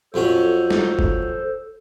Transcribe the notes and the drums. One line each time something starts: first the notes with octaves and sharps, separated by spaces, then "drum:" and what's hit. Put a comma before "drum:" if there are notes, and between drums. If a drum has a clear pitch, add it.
F2 F#3 C#4 A4 C5
drum: snare
drum: kick